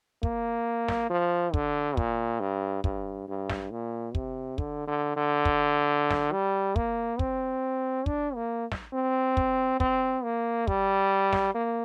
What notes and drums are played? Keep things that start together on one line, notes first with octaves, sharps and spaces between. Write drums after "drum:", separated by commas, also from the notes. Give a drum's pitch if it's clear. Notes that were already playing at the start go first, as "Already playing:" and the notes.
A#3, drum: kick
drum: snare
F3
D3, drum: kick
A#2, drum: kick
G2
G2, drum: kick
G2
drum: snare
A#2
C3, drum: kick
D3, drum: kick
D3
D3
drum: kick
drum: snare
G3
A#3, drum: kick
C4, drum: kick
D4, drum: kick
A#3
drum: snare
C4
drum: kick
C4, drum: kick
A#3
G3, drum: kick
drum: snare
A#3